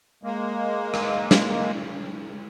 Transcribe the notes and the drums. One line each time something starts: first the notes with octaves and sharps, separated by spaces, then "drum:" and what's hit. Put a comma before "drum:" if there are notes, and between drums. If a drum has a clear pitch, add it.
G#3 A#3
drum: rim click
drum: snare